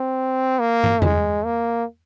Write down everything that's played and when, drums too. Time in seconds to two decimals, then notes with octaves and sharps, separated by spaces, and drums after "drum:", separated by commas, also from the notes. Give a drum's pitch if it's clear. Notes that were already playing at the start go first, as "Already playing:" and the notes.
Already playing: C4
0.59 A#3
0.84 drum: tom
1.02 G#3, drum: tom E2
1.45 A#3